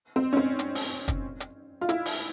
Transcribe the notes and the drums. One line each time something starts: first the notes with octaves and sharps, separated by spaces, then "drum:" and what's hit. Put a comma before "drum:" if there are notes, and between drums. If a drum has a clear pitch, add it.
C4
C#4
C4
drum: hi-hat
drum: open hi-hat
drum: kick, hi-hat
drum: hi-hat
F4
E4, drum: hi-hat
drum: open hi-hat